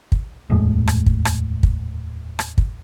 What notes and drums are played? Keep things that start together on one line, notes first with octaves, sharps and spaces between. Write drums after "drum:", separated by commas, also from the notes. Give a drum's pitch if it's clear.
drum: kick
D#1 F2 A2 G#3
drum: rim click
drum: kick
drum: rim click
drum: kick
drum: rim click
drum: kick